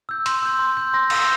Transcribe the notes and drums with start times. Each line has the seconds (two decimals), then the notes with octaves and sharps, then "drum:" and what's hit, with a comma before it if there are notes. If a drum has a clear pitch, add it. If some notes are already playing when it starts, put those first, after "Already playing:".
0.09 E6 G6
0.26 C6, drum: hi-hat
0.42 E6 G6
0.59 C6 G6
0.77 E6 G6
0.94 C6 A#6
1.10 E6 G6, drum: cymbal